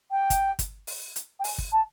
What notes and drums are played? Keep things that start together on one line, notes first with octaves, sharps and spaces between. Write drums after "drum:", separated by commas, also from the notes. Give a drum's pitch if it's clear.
G5
drum: kick, hi-hat
drum: kick, hi-hat
drum: open hi-hat
drum: hi-hat
G5
G#5, drum: open hi-hat
drum: kick
A5